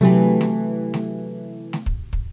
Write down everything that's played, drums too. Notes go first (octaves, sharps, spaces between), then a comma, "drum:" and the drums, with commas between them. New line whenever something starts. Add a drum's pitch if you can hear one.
C3 E3 F#3 A3 G4
drum: snare A3
drum: snare A3
drum: snare A3
drum: kick
drum: kick